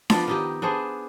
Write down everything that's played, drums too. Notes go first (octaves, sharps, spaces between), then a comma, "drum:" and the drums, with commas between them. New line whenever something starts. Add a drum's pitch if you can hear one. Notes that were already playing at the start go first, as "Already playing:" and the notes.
F3 B3 D4 D5, drum: snare D4
D#3 D#4 G4
B3 D4 G#4 C5